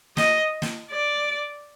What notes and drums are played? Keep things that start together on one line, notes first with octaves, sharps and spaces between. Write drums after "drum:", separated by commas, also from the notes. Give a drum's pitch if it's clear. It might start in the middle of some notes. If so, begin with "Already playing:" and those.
D#5, drum: snare
drum: snare
D5